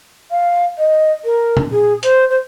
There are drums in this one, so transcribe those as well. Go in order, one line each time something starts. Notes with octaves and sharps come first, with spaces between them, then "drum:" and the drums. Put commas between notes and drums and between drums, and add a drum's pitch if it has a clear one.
F5
D#5
A#4
drum: tom A#2
G#4
C5, drum: hi-hat
C5